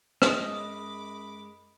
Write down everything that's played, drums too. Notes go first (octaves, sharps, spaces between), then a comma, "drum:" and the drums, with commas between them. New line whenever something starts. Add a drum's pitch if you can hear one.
F#2 G#3 A3 D#5 D6, drum: rim click
B5 D6